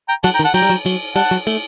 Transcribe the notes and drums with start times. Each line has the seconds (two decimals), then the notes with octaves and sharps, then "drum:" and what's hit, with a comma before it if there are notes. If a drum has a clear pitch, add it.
0.09 G5 A#5
0.24 F#3 F#5 A5, drum: cymbal
0.34 G5 A#5
0.39 D#3
0.44 F#5 A5
0.54 F#3 G5 A#5, drum: cymbal
0.62 G3
0.70 F#3
0.86 F#3, drum: cymbal
1.16 G3 F#5 A5, drum: cymbal
1.31 F#3
1.47 A3, drum: cymbal